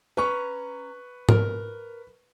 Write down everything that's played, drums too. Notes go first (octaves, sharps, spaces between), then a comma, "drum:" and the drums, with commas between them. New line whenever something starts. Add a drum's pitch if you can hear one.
C#4 B4 A#5 C#6
A#4, drum: tom G#2